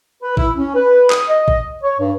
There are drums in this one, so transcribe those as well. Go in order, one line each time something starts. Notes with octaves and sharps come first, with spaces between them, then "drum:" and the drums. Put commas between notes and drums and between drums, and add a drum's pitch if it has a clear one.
B4
E4, drum: kick A1
C#4
B4
D#6, drum: clap
D#5
drum: kick A1
C#5
G2